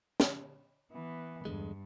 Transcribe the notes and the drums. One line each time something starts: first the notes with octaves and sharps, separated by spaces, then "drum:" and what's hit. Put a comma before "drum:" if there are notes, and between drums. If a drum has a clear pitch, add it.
drum: snare
E3 B3
E2 G2 D3 G#3